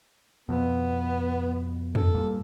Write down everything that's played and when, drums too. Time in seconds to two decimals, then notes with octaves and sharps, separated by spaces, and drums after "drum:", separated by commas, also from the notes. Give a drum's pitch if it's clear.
0.49 F2 B2 B3
1.95 A4, drum: tom
2.15 G2 A#2